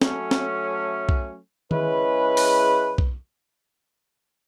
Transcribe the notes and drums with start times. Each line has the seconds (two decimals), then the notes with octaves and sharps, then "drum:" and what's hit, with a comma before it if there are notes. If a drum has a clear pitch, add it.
0.02 F#3 A3 C#4, drum: snare
0.31 drum: snare
1.09 drum: kick B1
1.71 C#3 G#3 C#4 E4 B4, drum: tom D#3
2.37 drum: open hi-hat
2.98 drum: kick B1